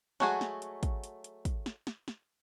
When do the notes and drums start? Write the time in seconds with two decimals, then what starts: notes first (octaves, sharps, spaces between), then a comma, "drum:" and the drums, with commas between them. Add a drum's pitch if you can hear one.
0.20 F#3 G#3 A3 F#4 G#4, drum: snare
0.41 drum: snare
0.62 drum: hi-hat
0.83 drum: kick, hi-hat
1.04 drum: hi-hat
1.24 drum: hi-hat
1.45 drum: kick, hi-hat
1.66 drum: snare
1.87 drum: snare
2.08 drum: snare